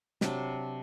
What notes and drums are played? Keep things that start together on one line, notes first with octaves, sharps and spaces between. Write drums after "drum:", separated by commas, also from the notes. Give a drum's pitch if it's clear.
C3 F#3 D4, drum: snare